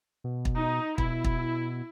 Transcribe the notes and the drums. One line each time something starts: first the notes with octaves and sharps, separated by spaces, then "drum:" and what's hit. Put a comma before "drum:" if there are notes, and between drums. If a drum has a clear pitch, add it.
B2
drum: kick
D#4
B2 E4, drum: kick
drum: kick